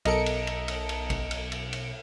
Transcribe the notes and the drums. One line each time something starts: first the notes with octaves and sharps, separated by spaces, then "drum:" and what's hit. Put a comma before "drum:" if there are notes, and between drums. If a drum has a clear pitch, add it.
B1 A4 A#4 D#5 C#7 D7, drum: cymbal
drum: cymbal
drum: cymbal
drum: cymbal
drum: cymbal
drum: kick G#1, cymbal
drum: cymbal
drum: cymbal
drum: cymbal